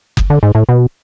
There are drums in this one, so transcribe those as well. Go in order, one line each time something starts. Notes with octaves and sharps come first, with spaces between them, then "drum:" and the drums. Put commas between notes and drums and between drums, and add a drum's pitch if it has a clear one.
drum: kick F#1
D3
G#2
A2
B2